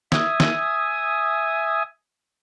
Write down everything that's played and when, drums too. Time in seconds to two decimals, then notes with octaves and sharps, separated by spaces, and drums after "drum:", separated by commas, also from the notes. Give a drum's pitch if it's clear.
0.12 E5 G#5 D#6, drum: snare
0.40 drum: snare